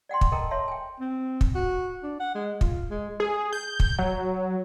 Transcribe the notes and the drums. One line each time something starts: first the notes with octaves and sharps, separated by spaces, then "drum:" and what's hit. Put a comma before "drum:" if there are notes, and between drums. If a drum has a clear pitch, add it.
D5 F#5 G5 C6
drum: kick
A4 A#4 D#5 G5 A5 A#5
C#5 E5 A5 C6
G5 G#5
C4
drum: kick
F#4
D4
F#5
G#3
F4, drum: kick
G#3
G#4
G6
drum: kick
F#3